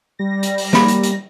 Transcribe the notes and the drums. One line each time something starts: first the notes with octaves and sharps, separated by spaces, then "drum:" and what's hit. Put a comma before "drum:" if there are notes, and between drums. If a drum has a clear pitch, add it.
G3 A#6
drum: hi-hat
drum: open hi-hat
A#3 B5, drum: snare
drum: hi-hat
drum: hi-hat